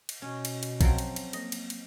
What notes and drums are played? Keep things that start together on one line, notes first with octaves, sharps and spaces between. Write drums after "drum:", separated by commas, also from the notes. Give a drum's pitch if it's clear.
drum: cymbal
B2 C#4
drum: cymbal
drum: cymbal
F3 F#3 C4, drum: kick A#1, cymbal
drum: cymbal
drum: cymbal
A#3 D#5, drum: cymbal
drum: cymbal
drum: cymbal